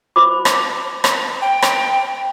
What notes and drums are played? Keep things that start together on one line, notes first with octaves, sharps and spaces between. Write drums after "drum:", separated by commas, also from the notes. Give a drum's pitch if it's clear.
C5 B5 D6
drum: rim click
drum: rim click
G5
drum: rim click